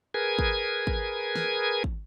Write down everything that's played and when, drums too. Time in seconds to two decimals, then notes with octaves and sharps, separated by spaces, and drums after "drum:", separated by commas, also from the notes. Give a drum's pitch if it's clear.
0.14 G#4 A#4 B4 G#5 G#6
0.39 drum: kick
0.87 drum: kick
1.36 drum: snare
1.84 drum: kick